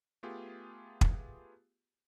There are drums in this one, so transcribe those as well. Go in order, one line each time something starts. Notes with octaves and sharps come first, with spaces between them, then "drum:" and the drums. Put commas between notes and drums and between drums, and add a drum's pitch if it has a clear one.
A3 B3 F4 G4 G#4
drum: kick